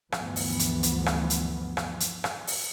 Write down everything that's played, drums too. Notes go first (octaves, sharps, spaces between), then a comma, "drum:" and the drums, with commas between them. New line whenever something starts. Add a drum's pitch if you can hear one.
D2 G2 E3 F3 B3, drum: rim click
drum: open hi-hat
drum: hi-hat
drum: hi-hat
drum: rim click
drum: hi-hat
drum: rim click
drum: hi-hat
drum: rim click
drum: open hi-hat